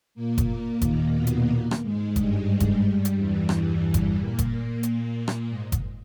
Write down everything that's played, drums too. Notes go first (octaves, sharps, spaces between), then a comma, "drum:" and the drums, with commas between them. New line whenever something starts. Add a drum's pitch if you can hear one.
A#2 A#3
drum: kick F#1, hi-hat
D#2 D#3, drum: kick F#1, hi-hat
B2 B3
drum: hi-hat
A#2 A#3
drum: rim click
G#2 G#3
G2 G3, drum: kick F#1, hi-hat
drum: kick F#1, hi-hat
G2 G3
drum: hi-hat
E2 E3
E2 E3, drum: rim click
G2 G3
drum: kick F#1, hi-hat
A#2 A#3
drum: kick F#1, hi-hat
drum: hi-hat
drum: rim click
G#2 G#3
drum: kick F#1, hi-hat